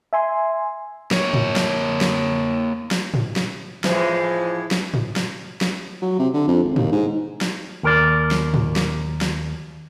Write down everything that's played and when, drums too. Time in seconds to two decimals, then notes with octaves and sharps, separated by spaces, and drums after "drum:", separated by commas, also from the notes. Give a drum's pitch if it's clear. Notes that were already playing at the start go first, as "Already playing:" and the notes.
0.13 E5 G#5 C6
1.11 A#3 C#5, drum: snare
1.34 drum: tom
1.56 drum: snare
2.01 drum: snare
2.91 drum: snare
3.14 drum: tom
3.36 drum: snare
3.84 A2 E3 F3 G#3, drum: snare
4.71 drum: snare
4.94 drum: tom
5.16 drum: snare
5.61 drum: snare
6.02 F#3
6.19 C3
6.34 D3
6.48 F2
6.64 G#1
6.76 D#2, drum: tom
6.92 G#2
7.41 drum: snare
7.83 D#2 A#4 D5
8.31 drum: snare
8.54 drum: tom
8.76 drum: snare
9.21 drum: snare